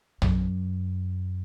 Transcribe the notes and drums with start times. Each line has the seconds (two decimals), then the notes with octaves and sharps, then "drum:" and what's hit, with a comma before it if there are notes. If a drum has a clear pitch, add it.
0.22 F#2, drum: tom